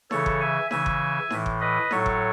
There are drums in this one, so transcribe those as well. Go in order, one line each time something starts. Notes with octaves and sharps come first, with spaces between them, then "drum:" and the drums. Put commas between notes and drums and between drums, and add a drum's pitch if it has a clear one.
C#3 E3 A4 C#5, drum: snare D#4
drum: kick G1
E5 G#5
C#3 E3 E5 G#5, drum: snare D#4
drum: kick G1
A2 E3, drum: snare D#4
drum: kick G1
B4 D#5
A2 F#3 A4 C#5, drum: snare D#4
drum: kick G1